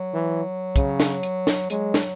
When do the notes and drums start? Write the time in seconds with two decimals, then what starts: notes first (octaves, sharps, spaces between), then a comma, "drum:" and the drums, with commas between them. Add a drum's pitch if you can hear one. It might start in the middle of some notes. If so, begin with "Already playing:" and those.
Already playing: F#3
0.13 E3
0.76 C#3, drum: kick, hi-hat
1.00 drum: snare
1.23 drum: hi-hat
1.47 drum: snare
1.70 F#3 G#3, drum: hi-hat
1.94 drum: snare